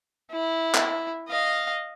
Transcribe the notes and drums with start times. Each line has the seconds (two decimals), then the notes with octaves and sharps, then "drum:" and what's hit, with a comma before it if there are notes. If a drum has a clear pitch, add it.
0.31 E4
0.74 drum: clap
1.28 D#5 F5